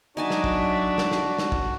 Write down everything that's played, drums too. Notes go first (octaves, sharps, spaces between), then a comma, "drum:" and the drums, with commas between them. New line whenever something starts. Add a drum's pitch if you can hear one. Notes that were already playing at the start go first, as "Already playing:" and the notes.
F#3 D4 D#4 F#4 D5 E5 G#5 A5
drum: snare
drum: kick
drum: snare
drum: snare
drum: snare
drum: kick